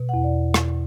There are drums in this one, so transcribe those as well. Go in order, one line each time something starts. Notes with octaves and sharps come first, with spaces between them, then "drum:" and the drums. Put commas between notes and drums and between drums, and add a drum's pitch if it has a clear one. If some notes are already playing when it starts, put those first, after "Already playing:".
Already playing: B2
E2 F#5
D5
drum: rim click